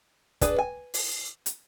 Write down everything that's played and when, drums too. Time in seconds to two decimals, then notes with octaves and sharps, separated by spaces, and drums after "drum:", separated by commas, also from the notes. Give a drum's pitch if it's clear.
0.41 D4 G#4 B4, drum: kick, hi-hat
0.59 G#5
0.94 drum: open hi-hat
1.46 drum: hi-hat